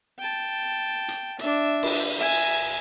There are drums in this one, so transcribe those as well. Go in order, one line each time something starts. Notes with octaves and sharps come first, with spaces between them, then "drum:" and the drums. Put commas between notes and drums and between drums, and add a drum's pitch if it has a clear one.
G5 A5
drum: hi-hat
D4 E5, drum: hi-hat
drum: cymbal
E5 G#5